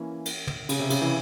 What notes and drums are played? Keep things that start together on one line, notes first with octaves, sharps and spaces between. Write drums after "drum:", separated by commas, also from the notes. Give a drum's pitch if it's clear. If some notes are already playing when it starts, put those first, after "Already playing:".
Already playing: E3 A#3 C#4
drum: cymbal
drum: tom
C#3, drum: cymbal
C3
C#3, drum: cymbal
E3